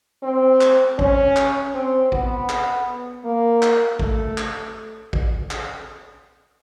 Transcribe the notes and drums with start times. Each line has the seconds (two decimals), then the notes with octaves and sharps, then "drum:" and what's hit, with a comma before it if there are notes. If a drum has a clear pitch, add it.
0.23 C4
0.61 drum: clap
0.99 C#4, drum: kick
1.36 drum: clap
1.74 C4
2.12 B3, drum: kick
2.49 drum: clap
3.25 A#3
3.62 drum: clap
3.99 A3, drum: kick
4.38 drum: clap
5.13 drum: kick
5.51 drum: clap